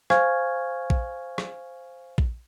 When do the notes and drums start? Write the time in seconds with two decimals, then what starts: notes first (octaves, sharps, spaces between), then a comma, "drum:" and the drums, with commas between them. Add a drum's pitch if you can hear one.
0.10 C5 F5 G#5 C#6 F6 G#6, drum: rim click
0.90 drum: kick A#1
1.38 drum: rim click
2.18 drum: kick A#1